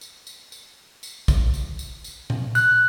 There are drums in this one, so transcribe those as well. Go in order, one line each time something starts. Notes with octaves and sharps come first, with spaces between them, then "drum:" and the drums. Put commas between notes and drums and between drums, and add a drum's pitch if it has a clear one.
drum: tambourine
drum: tambourine
drum: tambourine
drum: tambourine
drum: kick A#1, tambourine
drum: tambourine
drum: tambourine
drum: tambourine
drum: tom A#2
F#6, drum: tambourine